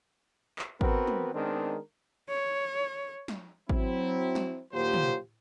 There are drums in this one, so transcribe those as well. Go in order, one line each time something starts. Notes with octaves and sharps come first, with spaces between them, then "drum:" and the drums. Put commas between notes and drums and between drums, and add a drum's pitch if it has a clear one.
drum: clap
B3 C4 F#4 A#4 B4, drum: kick G#1
drum: tom
D#3 G#3 B3 C4 D4 A#4
C#5
drum: snare
F#3 C4 E4, drum: kick G#1
drum: snare
D#2 A#2 F#3 F4 G4 C5
drum: tom